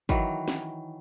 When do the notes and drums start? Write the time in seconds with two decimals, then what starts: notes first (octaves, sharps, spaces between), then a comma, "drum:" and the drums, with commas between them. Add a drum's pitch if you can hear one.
0.09 D#3 E3 F#3, drum: kick
0.48 drum: snare